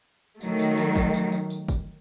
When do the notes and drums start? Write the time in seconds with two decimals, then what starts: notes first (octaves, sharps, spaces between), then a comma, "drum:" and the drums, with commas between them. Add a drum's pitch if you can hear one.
0.41 D#3 F#3 A3, drum: tambourine
0.59 drum: tambourine
0.77 drum: tambourine
0.96 drum: kick G1, tambourine
1.14 drum: tambourine
1.32 drum: tambourine
1.50 drum: tambourine
1.69 drum: kick G1, tambourine